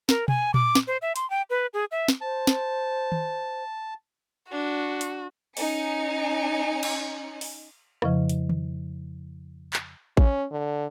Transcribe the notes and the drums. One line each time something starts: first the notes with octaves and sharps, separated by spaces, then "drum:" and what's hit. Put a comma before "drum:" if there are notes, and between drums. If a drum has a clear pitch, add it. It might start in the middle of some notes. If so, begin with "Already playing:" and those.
A#4, drum: snare
G#5, drum: tom B2
D6, drum: tom A#2
drum: snare
C5
E5
C6, drum: hi-hat
G5
B4
G#4
E5
drum: snare
C5 A5
drum: snare
drum: tom D#3
D4 F#4
drum: hi-hat
C#4 D#4 G#5 C#7, drum: open hi-hat
drum: cymbal
drum: open hi-hat
F2 C#3 F3, drum: rim click
drum: hi-hat
drum: tom D#3
drum: clap
C#4, drum: kick A1
D3